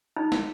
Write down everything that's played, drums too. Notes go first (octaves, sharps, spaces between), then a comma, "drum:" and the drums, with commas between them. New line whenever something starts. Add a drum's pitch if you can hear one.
D#4
drum: snare